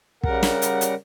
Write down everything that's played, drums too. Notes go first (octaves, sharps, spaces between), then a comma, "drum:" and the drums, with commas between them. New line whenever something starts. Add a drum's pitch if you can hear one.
C#3 G3 A#4 F#5, drum: kick
drum: snare
drum: hi-hat
drum: hi-hat